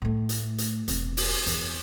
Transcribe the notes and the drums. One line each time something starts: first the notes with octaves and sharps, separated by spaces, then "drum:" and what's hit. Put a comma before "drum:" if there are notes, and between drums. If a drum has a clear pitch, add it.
A2 A3
drum: hi-hat
drum: hi-hat
E1 C4, drum: hi-hat
drum: open hi-hat
E2, drum: hi-hat